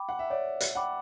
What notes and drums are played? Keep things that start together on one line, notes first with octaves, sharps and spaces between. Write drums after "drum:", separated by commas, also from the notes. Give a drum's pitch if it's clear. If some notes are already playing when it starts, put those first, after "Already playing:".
Already playing: G5 B5 D6
F#5
E5
C#5 D5
drum: hi-hat
F#5 G5 B5 D6